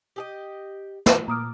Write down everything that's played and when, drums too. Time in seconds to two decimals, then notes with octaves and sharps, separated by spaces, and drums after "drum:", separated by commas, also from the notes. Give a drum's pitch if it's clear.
0.16 G4 G#4 D#5
1.06 drum: snare
1.28 A#2 A#5 D6 D#6 F6